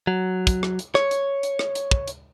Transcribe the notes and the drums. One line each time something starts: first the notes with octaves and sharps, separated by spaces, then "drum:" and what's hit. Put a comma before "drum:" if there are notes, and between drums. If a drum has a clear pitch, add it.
F#3
drum: kick, hi-hat
drum: rim click
drum: hi-hat
C#5, drum: rim click
drum: hi-hat
drum: hi-hat
drum: rim click
drum: hi-hat
drum: kick
drum: hi-hat